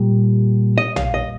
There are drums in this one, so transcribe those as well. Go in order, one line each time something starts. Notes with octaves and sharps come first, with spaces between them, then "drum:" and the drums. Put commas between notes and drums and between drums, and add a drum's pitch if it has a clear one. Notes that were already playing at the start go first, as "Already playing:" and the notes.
Already playing: A#2 G3
D#5
F5, drum: tom A#1
D#5